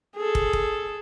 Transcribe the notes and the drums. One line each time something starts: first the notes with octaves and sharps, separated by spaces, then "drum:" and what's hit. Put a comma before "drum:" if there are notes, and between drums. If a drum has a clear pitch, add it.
G#4 A4
drum: kick
drum: kick